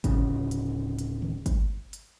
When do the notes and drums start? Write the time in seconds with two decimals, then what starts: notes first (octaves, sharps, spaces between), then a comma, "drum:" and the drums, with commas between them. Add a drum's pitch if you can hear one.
0.04 D1 C#3, drum: kick, hi-hat
0.51 drum: hi-hat
0.99 drum: hi-hat
1.22 drum: tom D3
1.46 drum: kick, hi-hat
1.93 drum: hi-hat